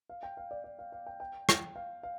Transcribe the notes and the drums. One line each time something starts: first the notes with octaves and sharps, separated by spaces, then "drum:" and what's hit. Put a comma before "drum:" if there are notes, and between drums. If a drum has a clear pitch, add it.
F5
G5
F5
D5
D5
F5
F5
G5
G5
G5, drum: rim click
F5
F5